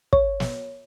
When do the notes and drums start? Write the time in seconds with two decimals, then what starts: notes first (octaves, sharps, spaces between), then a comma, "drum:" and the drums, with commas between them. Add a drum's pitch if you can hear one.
0.13 C#5, drum: kick
0.40 drum: snare